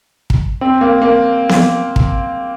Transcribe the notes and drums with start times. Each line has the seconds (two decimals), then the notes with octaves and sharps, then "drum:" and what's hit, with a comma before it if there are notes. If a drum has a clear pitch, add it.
0.30 drum: kick
0.61 C4
0.81 A#3
1.02 A#3
1.49 drum: snare B3
1.96 drum: kick